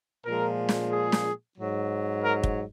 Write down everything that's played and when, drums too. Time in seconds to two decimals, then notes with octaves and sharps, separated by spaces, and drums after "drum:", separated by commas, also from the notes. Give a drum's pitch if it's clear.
0.24 A#2 F3 G#3 A#4
0.69 drum: snare
0.91 G#4
1.12 drum: snare
1.56 G#2 F#3
2.22 A#4
2.43 drum: kick